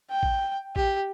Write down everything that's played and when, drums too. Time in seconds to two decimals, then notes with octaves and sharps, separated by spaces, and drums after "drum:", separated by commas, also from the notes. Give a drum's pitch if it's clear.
0.11 G5
0.23 drum: kick A1
0.76 G4, drum: kick A1